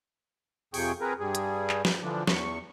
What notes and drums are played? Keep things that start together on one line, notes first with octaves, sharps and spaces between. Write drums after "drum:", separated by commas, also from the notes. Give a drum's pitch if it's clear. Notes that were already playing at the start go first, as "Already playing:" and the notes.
F2 C3 G#4 G5 C#6, drum: open hi-hat
C4 G#4 A#4 B4
G2 G3 G#4
drum: hi-hat
drum: clap
drum: snare
D3 E3 F3 D4
E2 C#6, drum: snare